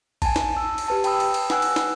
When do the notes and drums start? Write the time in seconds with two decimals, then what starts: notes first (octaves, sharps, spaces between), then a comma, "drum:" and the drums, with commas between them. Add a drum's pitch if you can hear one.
0.22 G#5 A5, drum: kick A1, cymbal
0.36 drum: snare
0.57 A5 E6
0.78 drum: cymbal
0.88 G4 B4 A5
1.04 G5 A5 B5 D#6 E6, drum: cymbal
1.20 drum: cymbal
1.34 drum: cymbal
1.50 B4 F#5 G#5 E6 F#6, drum: snare
1.62 drum: cymbal
1.76 drum: snare